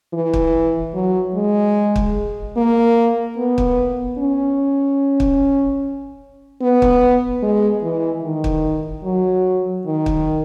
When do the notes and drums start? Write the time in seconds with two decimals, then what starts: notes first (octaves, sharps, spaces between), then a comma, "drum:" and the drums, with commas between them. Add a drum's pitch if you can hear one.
0.13 E3
0.34 drum: kick
0.94 F#3
1.35 G#3
1.96 drum: kick
2.57 A#3
3.38 B3
3.58 drum: kick
4.18 C#4
5.20 drum: kick
6.62 B3
6.82 drum: kick
7.42 G#3
7.83 E3
8.23 D#3
8.44 drum: kick
9.05 F#3
9.87 D#3
10.06 drum: kick